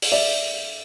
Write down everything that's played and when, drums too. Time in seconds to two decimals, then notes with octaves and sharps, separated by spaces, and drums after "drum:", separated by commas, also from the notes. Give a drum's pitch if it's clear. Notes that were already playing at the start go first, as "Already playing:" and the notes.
0.02 drum: open hi-hat
0.12 D5 E5